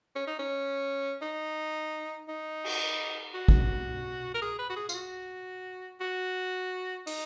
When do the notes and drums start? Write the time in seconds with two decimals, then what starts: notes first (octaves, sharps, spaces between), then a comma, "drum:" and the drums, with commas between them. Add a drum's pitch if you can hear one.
0.16 C#4
0.27 D#4
0.39 C#4
1.22 D#4
2.28 D#4
2.64 drum: cymbal
3.34 F#4
3.48 drum: kick
4.34 A#4
4.42 G#4
4.59 B4
4.70 F#4
4.76 G#4
4.89 F4, drum: tambourine
4.94 F#4
6.00 F#4
7.07 D#4, drum: open hi-hat